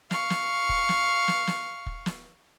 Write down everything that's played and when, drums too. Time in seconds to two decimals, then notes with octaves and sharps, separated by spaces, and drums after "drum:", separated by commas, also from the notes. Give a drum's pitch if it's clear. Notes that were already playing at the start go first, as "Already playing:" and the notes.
0.11 F5 C#6, drum: snare
0.30 drum: snare
0.69 drum: kick
0.89 drum: snare
1.28 drum: snare
1.47 drum: snare
1.86 drum: kick
2.06 drum: snare